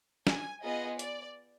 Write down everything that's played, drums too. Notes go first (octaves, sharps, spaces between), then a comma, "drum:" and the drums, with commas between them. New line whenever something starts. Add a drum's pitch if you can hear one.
G#5, drum: snare
B3 F4 G#4 D#5
D5, drum: hi-hat